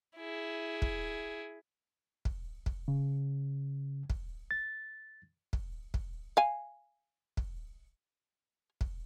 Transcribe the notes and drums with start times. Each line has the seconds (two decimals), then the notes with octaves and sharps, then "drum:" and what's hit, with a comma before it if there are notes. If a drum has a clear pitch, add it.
0.17 E4 G#4
0.82 drum: kick
2.25 drum: kick
2.66 drum: kick
2.88 C#3
4.10 drum: kick
4.51 A6
5.53 drum: kick
5.94 drum: kick
6.37 F5 G#5
7.37 drum: kick
8.81 drum: kick